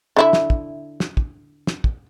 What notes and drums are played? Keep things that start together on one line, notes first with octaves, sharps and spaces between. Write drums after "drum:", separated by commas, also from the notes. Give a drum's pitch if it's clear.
D3 E4 E5
drum: snare
drum: kick
drum: snare
drum: kick
drum: snare
drum: kick